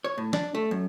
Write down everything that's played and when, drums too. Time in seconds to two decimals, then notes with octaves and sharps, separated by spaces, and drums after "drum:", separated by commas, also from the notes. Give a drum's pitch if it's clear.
0.04 C#5
0.18 A2
0.33 D4, drum: snare
0.55 A3
0.71 F#2